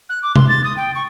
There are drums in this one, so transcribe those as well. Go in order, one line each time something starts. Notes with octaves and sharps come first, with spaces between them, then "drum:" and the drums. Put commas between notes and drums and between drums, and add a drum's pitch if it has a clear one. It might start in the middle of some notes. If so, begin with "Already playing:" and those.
F#6
D6
C6, drum: tom C3
A6
D#6
G5
C#6